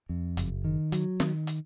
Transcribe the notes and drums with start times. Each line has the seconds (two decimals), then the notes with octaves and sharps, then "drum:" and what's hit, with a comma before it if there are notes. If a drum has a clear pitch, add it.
0.09 F2
0.37 F#1, drum: hi-hat
0.64 D#3
0.92 F#3, drum: hi-hat
1.20 D#3, drum: snare
1.47 drum: hi-hat